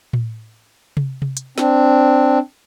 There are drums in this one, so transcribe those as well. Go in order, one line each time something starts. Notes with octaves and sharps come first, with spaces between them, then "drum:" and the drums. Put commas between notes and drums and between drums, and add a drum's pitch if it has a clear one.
drum: tom A2
drum: tom C3
drum: tom C3
drum: hi-hat
C4 D4, drum: snare